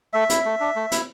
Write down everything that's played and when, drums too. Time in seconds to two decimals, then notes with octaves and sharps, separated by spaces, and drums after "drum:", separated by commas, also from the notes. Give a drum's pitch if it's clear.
0.13 A3 E5
0.30 E4, drum: hi-hat
0.45 A3
0.60 D4
0.76 A3
0.92 E4, drum: hi-hat